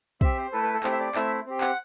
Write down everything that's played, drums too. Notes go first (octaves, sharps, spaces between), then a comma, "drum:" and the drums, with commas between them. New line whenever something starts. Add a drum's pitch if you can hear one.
C4 G4 E5, drum: kick
C5
A3 E4 A4 B4
B4
A4
A3 C4 E4 G4 C5, drum: clap
E5
D5
A3 C4 E4 E5, drum: clap
C4 G4
F#5, drum: clap